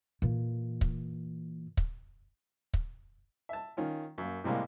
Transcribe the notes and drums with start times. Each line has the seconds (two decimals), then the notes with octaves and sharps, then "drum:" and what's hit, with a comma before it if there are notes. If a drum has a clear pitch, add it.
0.22 A#2 E3
0.81 drum: kick
1.77 drum: kick
2.74 drum: kick
3.49 E5 A5
3.77 D#3 C#4 F4
4.18 F#2 A#3
4.44 A2 C3 G3 G#3 A#3